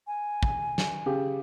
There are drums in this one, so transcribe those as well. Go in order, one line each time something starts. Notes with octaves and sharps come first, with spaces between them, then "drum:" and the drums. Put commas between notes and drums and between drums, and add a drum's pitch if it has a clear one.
G#5
drum: kick
drum: snare
C#3 G4